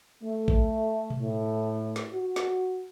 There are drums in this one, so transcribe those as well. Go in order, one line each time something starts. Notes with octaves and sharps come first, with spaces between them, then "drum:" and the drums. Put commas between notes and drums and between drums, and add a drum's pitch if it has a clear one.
A3
drum: kick A1
drum: tom B2
A2
drum: snare
F#4
drum: snare